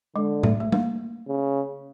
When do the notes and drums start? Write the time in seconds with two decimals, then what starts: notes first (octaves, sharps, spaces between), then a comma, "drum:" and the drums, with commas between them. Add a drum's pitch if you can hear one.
0.16 D3 G#3
0.43 A3, drum: tom A2
0.60 A3
0.72 A#3, drum: tom
1.28 C#3